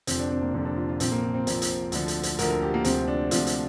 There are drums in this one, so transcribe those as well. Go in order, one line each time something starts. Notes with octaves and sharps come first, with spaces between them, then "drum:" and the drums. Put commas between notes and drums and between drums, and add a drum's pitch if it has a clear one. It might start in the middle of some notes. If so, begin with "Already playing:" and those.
F1 F2 D3 F3 C4, drum: hi-hat
D4
C4
A#3
F1 F2 D3 F3 C4
D4
F4
F4
A#1 A#2 F3 C4, drum: hi-hat
A#3
C4
C4
A#1 A#2 F3, drum: hi-hat
drum: hi-hat
D2 D3 F3, drum: hi-hat
drum: hi-hat
drum: hi-hat
D2 D3 F3 A#4, drum: hi-hat
A#4
G4
A#3
D2 C3 F3 C4, drum: hi-hat
D4
D2 C3 F3 F4, drum: hi-hat
drum: hi-hat